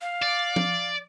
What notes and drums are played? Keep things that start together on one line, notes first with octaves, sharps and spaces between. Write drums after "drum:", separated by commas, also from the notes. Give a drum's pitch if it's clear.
F5
D5
drum: tom F3